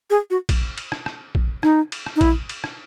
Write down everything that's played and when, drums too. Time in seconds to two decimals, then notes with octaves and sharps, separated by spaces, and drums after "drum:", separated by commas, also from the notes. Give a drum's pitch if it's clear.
0.10 G#4
0.30 F#4
0.49 drum: kick A#1, cymbal
0.78 drum: cymbal
0.92 drum: rim click
1.06 drum: rim click
1.35 drum: kick A#1
1.63 D#4, drum: rim click
1.92 drum: cymbal
2.06 drum: rim click
2.16 D#4
2.21 E4, drum: kick A#1, cymbal
2.49 drum: cymbal
2.64 drum: rim click